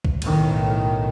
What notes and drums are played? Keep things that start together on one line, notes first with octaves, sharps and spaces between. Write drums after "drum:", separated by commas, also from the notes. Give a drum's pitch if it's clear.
drum: kick
B1 A2 D#3, drum: cymbal